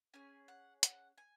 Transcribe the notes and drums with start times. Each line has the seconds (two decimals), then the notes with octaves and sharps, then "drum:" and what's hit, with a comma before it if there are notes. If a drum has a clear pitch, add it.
0.14 C#4 G#4 G#5
0.48 F#5
0.83 F#5, drum: hi-hat
1.18 G#5